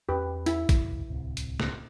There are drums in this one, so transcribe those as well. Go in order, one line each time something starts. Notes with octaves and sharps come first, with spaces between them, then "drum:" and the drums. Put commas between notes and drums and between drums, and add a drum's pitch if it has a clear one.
E2 C#4 G4 B4
E4, drum: hi-hat
drum: kick A#1, hi-hat
F#1 C#2 G#2
D1 C2 C3
drum: hi-hat
drum: snare